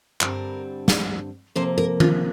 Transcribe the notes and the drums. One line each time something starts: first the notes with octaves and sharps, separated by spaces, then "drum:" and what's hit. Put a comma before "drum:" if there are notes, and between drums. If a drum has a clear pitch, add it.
G2 D3 G3 C4 A#4, drum: clap
drum: snare
F2 C3 A#3 C5
A#4
F4, drum: tom D#3